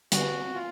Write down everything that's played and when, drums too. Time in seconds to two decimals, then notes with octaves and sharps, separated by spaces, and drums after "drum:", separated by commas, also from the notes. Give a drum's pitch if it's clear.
0.12 D3 G3 B3 F#4, drum: hi-hat
0.55 F4